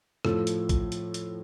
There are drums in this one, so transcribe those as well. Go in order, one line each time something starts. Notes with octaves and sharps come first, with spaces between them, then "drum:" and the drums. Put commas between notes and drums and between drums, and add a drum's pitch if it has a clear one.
A2 F3 A4, drum: rim click
drum: hi-hat
drum: kick, hi-hat
drum: hi-hat
drum: hi-hat